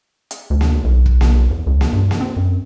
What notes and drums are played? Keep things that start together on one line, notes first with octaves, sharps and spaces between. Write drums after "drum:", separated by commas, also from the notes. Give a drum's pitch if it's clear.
drum: hi-hat
D2
drum: snare A#3
B1
drum: kick
drum: snare A#3
E2
C#2
drum: snare A#3
G2
drum: snare A#3
C4
F#2